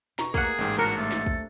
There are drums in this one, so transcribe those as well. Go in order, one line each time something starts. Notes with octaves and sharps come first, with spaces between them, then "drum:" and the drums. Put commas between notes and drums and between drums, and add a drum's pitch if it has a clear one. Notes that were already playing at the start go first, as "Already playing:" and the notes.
B2 A#5 C#6, drum: snare
G2 E3 A3 A#3 G#4 F#5, drum: kick
A1 G#2 G5
D4 F#4 A#4 A#5
C3 A3 A4
drum: snare
drum: kick